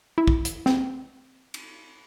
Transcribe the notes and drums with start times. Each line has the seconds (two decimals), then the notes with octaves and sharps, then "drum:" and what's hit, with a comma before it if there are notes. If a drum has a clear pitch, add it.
0.18 E4
0.27 drum: kick
0.45 drum: hi-hat
0.66 C4, drum: snare
1.54 drum: cymbal